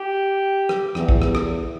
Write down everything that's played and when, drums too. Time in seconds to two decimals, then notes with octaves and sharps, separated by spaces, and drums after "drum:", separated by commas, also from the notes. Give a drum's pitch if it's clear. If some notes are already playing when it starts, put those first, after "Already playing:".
Already playing: G4
0.69 drum: rim click
0.95 E2, drum: rim click
1.09 drum: kick
1.22 drum: rim click
1.35 drum: rim click